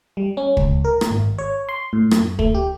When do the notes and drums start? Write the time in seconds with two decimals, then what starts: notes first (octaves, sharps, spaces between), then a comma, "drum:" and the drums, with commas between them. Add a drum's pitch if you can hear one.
0.17 G3
0.37 C#4
0.57 C#2, drum: kick
0.85 A#4
1.01 drum: rim click
1.11 G#1
1.38 C#5
1.69 C6
1.93 A2
2.11 F#2, drum: rim click
2.39 A3, drum: kick
2.55 G4